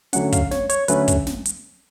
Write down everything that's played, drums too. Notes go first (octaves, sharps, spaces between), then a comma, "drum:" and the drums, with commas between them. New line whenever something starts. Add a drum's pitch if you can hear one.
D3 F#3 A3 C#4 F#5, drum: hi-hat
F5, drum: kick, hi-hat
C#5, drum: snare
C#5, drum: hi-hat
D3 F#3 A3 C#4 B4, drum: hi-hat
drum: kick, hi-hat
drum: snare
drum: hi-hat